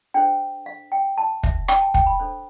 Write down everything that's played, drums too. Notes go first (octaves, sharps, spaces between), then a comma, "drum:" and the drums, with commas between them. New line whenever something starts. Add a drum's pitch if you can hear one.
D4 A4 C5 G5
F5
G5
A5
E5, drum: kick
G5, drum: rim click
A5
G5, drum: kick
B5
D4 A4 C5